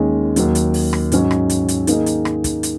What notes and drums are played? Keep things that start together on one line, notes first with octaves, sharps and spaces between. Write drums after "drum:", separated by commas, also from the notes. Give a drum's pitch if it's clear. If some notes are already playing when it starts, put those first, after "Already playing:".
Already playing: D#2 D#3 G#3 C#4 G#4
D#2 D#3 F#3, drum: hi-hat
drum: hi-hat
drum: open hi-hat
drum: rim click
G#2 F#3 C#4, drum: hi-hat
drum: rim click
drum: hi-hat
drum: hi-hat
D#3 A#3 D#4 G#4, drum: hi-hat
drum: hi-hat
drum: rim click
drum: kick, hi-hat
drum: hi-hat